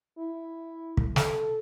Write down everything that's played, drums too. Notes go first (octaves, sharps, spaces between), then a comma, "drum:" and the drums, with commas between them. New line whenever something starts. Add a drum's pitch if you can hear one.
E4
drum: kick
A4, drum: snare